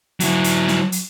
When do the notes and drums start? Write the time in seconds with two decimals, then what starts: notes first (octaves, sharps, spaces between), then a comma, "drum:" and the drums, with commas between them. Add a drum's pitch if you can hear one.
0.20 F#3 E4, drum: hi-hat
0.44 drum: hi-hat
0.68 drum: snare
0.92 drum: hi-hat